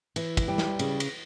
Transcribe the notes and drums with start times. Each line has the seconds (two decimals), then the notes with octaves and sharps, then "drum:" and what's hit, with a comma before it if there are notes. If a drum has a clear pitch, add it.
0.16 E3, drum: cymbal
0.37 drum: kick, cymbal
0.48 G3
0.58 drum: snare
0.79 C#3, drum: cymbal
1.00 drum: cymbal